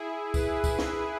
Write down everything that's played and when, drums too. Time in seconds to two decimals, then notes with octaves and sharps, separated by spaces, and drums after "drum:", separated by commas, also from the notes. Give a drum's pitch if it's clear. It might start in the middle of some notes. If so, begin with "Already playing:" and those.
Already playing: E4 G#4
0.34 G#4 B4, drum: kick C2, tambourine
0.64 drum: kick C2, tambourine
0.79 drum: snare